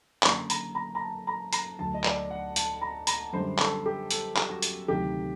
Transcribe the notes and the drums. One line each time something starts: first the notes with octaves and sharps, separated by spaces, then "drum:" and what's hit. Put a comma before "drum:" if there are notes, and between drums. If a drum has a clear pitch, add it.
F#1 F#2 D3 A#5, drum: clap
A#5, drum: hi-hat
A#5
A#5
A5
A#5
A#5, drum: hi-hat
D2 D3 F#3 A5
D#5
D5, drum: clap
F#5
A5, drum: hi-hat
A#5
A#5, drum: hi-hat
F#2 D3 G3 C5
A4, drum: clap
G4
A4, drum: hi-hat
drum: clap
F#4
drum: hi-hat
D2 C3 D#3 F#3 G4